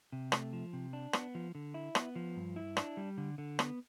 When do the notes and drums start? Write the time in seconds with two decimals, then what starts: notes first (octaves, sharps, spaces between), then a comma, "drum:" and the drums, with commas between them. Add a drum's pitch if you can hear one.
0.12 C3
0.32 A3, drum: rim click
0.53 F3
0.73 C3
0.93 D4
1.13 B3, drum: rim click
1.35 F3
1.55 D3
1.74 E4
1.95 B3, drum: rim click
2.16 F3
2.36 G2
2.56 E4
2.77 D4, drum: rim click
2.97 G3
3.18 D3
3.38 D3
3.59 B3, drum: rim click